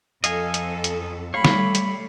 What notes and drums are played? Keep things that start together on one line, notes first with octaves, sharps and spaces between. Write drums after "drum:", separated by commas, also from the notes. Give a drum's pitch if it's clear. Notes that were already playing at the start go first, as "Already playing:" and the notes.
F2 A4 D#5 F5 G#5, drum: hi-hat
drum: hi-hat
drum: hi-hat
G3 A3 C#5 F5 B5
drum: snare
drum: hi-hat